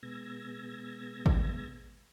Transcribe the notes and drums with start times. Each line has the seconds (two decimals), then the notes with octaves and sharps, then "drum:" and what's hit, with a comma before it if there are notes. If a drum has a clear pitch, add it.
0.03 B2 G#3 B3 E6 G#6 A#6
1.26 drum: kick G#1